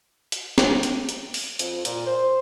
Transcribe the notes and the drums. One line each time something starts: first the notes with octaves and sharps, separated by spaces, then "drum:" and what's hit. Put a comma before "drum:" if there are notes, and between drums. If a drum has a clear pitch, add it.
drum: hi-hat
drum: snare
drum: hi-hat
drum: hi-hat
drum: open hi-hat
F2, drum: hi-hat
A#2, drum: hi-hat
C5